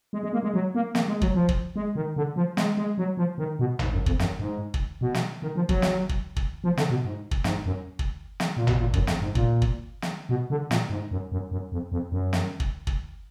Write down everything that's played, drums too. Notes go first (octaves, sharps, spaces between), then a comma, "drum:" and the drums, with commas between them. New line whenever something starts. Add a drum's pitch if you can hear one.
G#3
G#3
A#3
G#3
F#3
A#3
A#3, drum: snare
G#3
F#3, drum: kick
F3
drum: kick
G#3
D#3
D3
F3
G#3, drum: snare
G#3
F#3
F3
D#3
B2
G#2, drum: tom
F#2
F2, drum: kick
F#2, drum: snare
G#2
drum: kick
B2
drum: snare
D#3
F3
F#3, drum: kick
drum: snare
drum: kick
drum: kick
F3
D3, drum: snare
B2
G#2
drum: kick
G#2, drum: snare
F#2
drum: kick
drum: snare
A#2
B2, drum: tom
A#2
F#2, drum: kick
F2, drum: snare
G#2
A#2, drum: kick
drum: kick
drum: snare
B2
D3
A#2, drum: snare
G#2
F#2
F#2
F#2
F2
F2
F#2
drum: snare
drum: kick
drum: kick